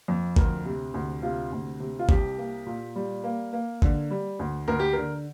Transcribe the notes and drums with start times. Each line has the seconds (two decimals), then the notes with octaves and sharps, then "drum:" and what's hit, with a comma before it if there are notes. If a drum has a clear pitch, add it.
0.08 F2
0.36 D2 A#4, drum: kick G#1
0.66 C3
0.94 D2
1.22 C3 F4
1.52 D2
1.80 C3
1.99 F4
2.09 C2 G4, drum: kick G#1
2.38 A#3
2.66 A#2
2.96 G3
3.24 A#3
3.53 A#3
3.82 D3, drum: kick G#1
4.11 G3
4.39 D2
4.68 D2 A#4
4.80 G4
4.93 D3 A#4